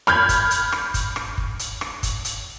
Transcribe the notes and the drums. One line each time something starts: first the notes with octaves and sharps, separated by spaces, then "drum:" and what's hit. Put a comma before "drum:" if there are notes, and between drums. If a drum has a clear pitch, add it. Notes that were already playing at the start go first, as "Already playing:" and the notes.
B5 F6 G6 G#6, drum: rim click
drum: kick, hi-hat
drum: hi-hat
drum: rim click
drum: kick, hi-hat
drum: rim click
drum: kick
drum: hi-hat
drum: rim click
drum: kick, hi-hat
drum: hi-hat